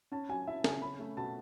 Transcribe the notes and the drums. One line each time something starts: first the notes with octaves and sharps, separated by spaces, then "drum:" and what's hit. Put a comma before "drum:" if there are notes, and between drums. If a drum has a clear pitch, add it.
C#4 A5
F#3 G#5
E4 E5
C#3 G#5, drum: snare
C#4 B5
A3
B2 A5